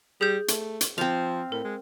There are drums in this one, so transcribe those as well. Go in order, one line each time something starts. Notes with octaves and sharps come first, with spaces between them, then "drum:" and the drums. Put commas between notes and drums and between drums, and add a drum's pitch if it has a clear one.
G3 G#4 G6
A3, drum: hi-hat
drum: hi-hat
F3 C4 F5
A2 A#4
G#3